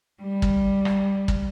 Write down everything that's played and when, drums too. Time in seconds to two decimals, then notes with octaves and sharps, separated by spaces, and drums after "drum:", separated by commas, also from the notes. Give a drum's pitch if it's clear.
0.21 G3
0.42 drum: kick
0.85 drum: rim click
1.28 drum: kick